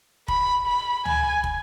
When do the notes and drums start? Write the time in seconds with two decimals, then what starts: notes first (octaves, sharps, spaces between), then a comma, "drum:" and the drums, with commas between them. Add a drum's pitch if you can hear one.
0.28 B5, drum: kick
0.67 B5
1.05 G#5, drum: tom
1.44 drum: kick